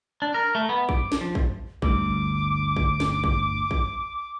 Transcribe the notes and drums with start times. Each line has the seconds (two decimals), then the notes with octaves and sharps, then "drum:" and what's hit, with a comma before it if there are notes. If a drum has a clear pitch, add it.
0.22 D4
0.34 A#4
0.55 A3
0.69 B3
0.89 D6, drum: kick
1.12 drum: snare
1.21 F3
1.35 drum: kick
1.82 G1 D2 D6, drum: kick
2.77 drum: kick
3.00 drum: snare
3.24 drum: kick
3.71 drum: kick